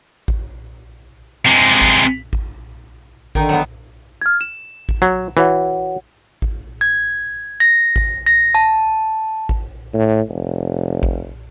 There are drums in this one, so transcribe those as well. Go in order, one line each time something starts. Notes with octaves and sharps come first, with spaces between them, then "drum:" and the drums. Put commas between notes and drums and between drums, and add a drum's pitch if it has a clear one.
drum: kick G#1
C3 G#3
drum: kick G#1
drum: kick G#1
D3 D#3 D#4, drum: kick G#1
F#3 B3
F6 G#6
E7
drum: kick G#1
F#3
E3 F#4 C#5 F#5
drum: kick G#1
G#6
A#6
drum: kick G#1
A#6
A5
drum: kick G#1
A2
F1
drum: kick G#1